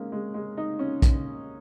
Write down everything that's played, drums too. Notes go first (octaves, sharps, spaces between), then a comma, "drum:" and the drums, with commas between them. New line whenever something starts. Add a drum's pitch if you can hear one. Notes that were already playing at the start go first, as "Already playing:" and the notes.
Already playing: G#3 A#3 C#4 D#4
G#3
G#3
D#4
C#4
drum: kick A#1, hi-hat